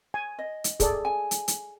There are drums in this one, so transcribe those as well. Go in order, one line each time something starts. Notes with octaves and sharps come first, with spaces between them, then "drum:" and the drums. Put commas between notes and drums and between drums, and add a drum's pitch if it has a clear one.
G#5
D#5
drum: hi-hat
G#4 A4 D5, drum: kick, hi-hat
G#5
drum: hi-hat
drum: hi-hat